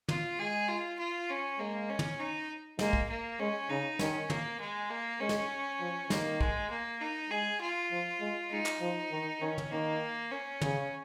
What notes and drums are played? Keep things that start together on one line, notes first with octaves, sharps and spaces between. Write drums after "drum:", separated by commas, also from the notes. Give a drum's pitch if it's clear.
F4, drum: tom
G#3 G#4
F4
F4
C#4
G#3 A#3
C#4
drum: tom
D#4
G#3 A#3, drum: snare
drum: kick
A#3
G#3 C#4
C#3 D#4
D#3 C#4, drum: snare
A#3, drum: tom
G#3
A#3
G#3 C#4
drum: snare
F3
D#3 A#3, drum: snare
G#3, drum: kick
A#3
D#4
G#3 G#4
F4
F3
G#3
G#3 D#4
drum: clap
F3
D#3
D#3 C#4
drum: tom
D#3 A#3
C#4
C#3, drum: tom